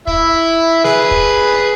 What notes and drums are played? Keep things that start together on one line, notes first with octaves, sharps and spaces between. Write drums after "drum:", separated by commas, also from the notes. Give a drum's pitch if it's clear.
E4 E5, drum: kick
G#4 B4, drum: snare
drum: kick